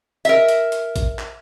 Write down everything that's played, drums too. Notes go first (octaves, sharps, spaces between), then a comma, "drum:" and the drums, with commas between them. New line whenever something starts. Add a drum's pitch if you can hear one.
A#4 E5, drum: hi-hat
drum: hi-hat
drum: hi-hat
drum: kick A1, hi-hat
drum: clap